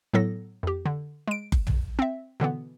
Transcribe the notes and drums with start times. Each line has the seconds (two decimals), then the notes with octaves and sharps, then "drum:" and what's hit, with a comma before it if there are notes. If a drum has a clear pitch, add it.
0.14 A2 F#3 B3 A4 A#6
0.63 F2 G4
0.86 D3
1.28 G#3 D7
1.52 drum: kick F#1
1.67 drum: tom
1.99 C4 E5
2.40 B2 D3 E3 B3